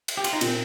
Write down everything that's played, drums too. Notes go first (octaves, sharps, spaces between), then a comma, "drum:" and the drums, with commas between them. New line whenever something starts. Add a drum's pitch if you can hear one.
drum: cymbal
G4
F4, drum: cymbal
D#4
A#2 C4, drum: cymbal